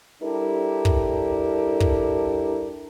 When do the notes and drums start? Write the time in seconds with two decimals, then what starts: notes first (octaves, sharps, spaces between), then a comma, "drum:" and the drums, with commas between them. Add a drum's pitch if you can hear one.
0.21 G3 D4 E4 G4 A4 A#4
0.85 drum: kick
1.80 drum: kick